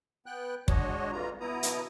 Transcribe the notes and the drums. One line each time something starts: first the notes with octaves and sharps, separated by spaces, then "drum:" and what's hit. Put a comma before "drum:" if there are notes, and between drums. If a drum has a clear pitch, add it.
B3 G5 F#6
G#3 D4 F#4 C#5 D#5, drum: kick
F2 E3 G3 F4 A#5
B2 B3 E4 A#5 D#6
drum: hi-hat